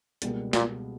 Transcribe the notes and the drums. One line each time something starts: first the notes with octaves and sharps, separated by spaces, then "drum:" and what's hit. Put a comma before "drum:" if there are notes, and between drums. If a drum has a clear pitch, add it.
C#2 B2 G3 A#3, drum: hi-hat
A#2, drum: snare